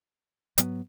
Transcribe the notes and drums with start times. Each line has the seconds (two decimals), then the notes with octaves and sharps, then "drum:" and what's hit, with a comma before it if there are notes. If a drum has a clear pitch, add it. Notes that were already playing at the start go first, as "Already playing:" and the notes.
0.58 G#2 F#3 B3, drum: hi-hat